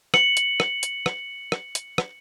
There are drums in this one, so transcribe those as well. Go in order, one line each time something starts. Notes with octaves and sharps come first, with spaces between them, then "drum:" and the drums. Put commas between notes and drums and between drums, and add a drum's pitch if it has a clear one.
C#7 F#7, drum: rim click
drum: hi-hat
drum: rim click
drum: hi-hat
drum: rim click
drum: rim click
drum: hi-hat
drum: rim click